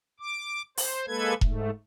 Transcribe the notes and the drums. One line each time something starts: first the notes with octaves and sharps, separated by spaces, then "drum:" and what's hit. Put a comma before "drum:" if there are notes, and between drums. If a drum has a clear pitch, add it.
D6
C5, drum: open hi-hat
G#3 A#3 A4 B4 G#6
G#2 A3, drum: kick E1